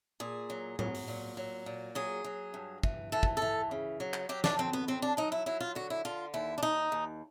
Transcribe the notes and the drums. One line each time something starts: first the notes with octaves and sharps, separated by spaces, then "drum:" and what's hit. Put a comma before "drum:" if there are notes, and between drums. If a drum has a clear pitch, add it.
A#2 G#4
F#3
F#3, drum: tom A2
drum: open hi-hat
A#2
F#3
A#2
F#3 G#4
F#3
G2
E3, drum: kick
E3 A4
drum: kick
E3 A4
C#3
F#3
drum: clap
F#3 G4
D4, drum: snare
F2 C4
B3
F#3 C4
D4
F#3 D#4
E4
F#3 E4
F4
D3 F#4
E4
D3 F4
D#2 E4
D4
D#2 D#4
D#2